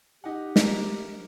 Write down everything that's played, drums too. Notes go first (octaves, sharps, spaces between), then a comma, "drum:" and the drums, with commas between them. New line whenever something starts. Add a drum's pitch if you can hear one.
D#4 G4 F#5
A#4, drum: snare